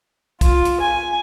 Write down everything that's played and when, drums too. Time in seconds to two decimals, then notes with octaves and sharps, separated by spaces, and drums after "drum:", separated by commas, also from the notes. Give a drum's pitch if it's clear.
0.41 F4, drum: kick, hi-hat
0.65 drum: hi-hat
0.81 G#5